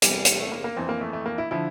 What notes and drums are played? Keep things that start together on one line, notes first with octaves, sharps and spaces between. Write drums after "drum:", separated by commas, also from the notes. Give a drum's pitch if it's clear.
E2 C3 E3 G3, drum: hi-hat
drum: hi-hat
A3
A#3
A#3
F2 E3 C4
A#3
A3
A3
A#3
E4
D3 F3 E4